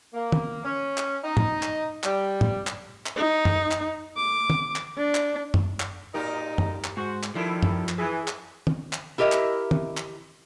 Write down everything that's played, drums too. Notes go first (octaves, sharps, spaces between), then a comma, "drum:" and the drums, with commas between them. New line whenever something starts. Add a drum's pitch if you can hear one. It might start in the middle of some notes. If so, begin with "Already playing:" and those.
A#3
drum: tom
C#4
drum: clap
D#4
drum: tom
drum: clap
G3, drum: clap
drum: tom
drum: clap
drum: clap
D#4
drum: tom
drum: clap
D6
drum: tom
drum: clap
D4
drum: clap
drum: tom
drum: clap
A2 D#4 G4 A#4
drum: tom
drum: clap
G#2 F#4 C5
drum: clap
D#3 F3 G3 E4 A4
drum: tom
drum: clap
E3 G#4
drum: clap
drum: tom
drum: clap
E4 G4 A#4 D#5 E5
drum: clap
drum: tom
drum: clap